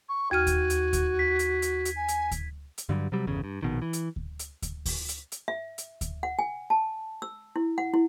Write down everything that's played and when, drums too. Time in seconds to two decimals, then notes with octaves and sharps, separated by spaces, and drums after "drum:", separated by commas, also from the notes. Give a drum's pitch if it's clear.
0.09 C#6
0.31 D#2 F#4 F6 G#6 D#7
0.47 drum: kick D2, hi-hat
0.70 drum: hi-hat
0.93 drum: kick D2, hi-hat
1.19 B6
1.39 drum: hi-hat
1.62 drum: hi-hat
1.85 drum: hi-hat
1.96 G#5
2.08 drum: hi-hat
2.31 drum: kick D2, hi-hat
2.78 drum: hi-hat
2.89 G2 D3 F#3 G3
3.12 C3 F#3 G3
3.27 G1 E2 C#3
3.44 G2
3.63 A#1 B2 D#3
3.82 E3
3.93 drum: hi-hat
4.16 drum: kick D2
4.39 drum: hi-hat
4.62 drum: kick D2, hi-hat
4.85 drum: kick D2, open hi-hat
5.09 drum: hi-hat
5.32 drum: hi-hat
5.48 E5
5.78 drum: hi-hat
6.01 drum: kick D2, hi-hat
6.23 F#5
6.39 G#5
6.70 A5
7.22 E6
7.56 E4
7.78 F#5
7.94 E4